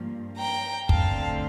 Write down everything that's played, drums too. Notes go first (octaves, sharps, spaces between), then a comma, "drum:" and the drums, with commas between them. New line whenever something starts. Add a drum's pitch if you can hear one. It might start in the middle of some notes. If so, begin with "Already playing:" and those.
Already playing: G2 F3 A#3
G5 A#5
D3 A3 C4 F5 A5, drum: kick